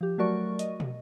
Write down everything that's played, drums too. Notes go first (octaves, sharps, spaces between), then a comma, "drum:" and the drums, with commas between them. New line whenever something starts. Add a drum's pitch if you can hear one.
F3 G4
F#3 A3 F#4 A#4 D5 C#6
D#5, drum: hi-hat
drum: tom